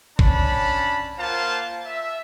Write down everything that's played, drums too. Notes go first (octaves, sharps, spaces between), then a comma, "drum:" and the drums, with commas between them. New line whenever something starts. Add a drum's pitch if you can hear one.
C#4 D4 A5 B5, drum: kick
A#3 F4 C5 F5 F#5 A5
E5